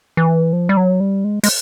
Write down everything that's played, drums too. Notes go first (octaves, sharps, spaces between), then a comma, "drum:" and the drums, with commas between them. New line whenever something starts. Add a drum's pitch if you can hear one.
E3
F3
G3
F#3
G3
G#3
G#3, drum: open hi-hat